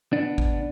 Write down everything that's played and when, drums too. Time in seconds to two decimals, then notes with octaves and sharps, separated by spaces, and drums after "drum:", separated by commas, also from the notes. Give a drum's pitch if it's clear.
0.13 B3 D4
0.38 drum: kick A1